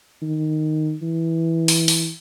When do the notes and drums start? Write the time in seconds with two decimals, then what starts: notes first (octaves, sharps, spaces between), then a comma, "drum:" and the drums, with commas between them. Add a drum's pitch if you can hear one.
0.22 D#3
1.02 E3
1.68 drum: open hi-hat
1.88 drum: open hi-hat